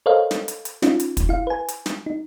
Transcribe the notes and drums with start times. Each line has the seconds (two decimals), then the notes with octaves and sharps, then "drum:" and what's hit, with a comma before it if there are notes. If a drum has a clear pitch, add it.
0.06 A4 A#4 C5 C#5 D#5 F5
0.31 drum: snare
0.48 drum: hi-hat
0.65 drum: hi-hat
0.82 C#4 D#4 F4, drum: snare
1.00 drum: hi-hat
1.17 drum: kick, hi-hat
1.29 E4 F5
1.47 B4 G#5
1.68 drum: hi-hat
1.86 drum: snare
2.06 D#4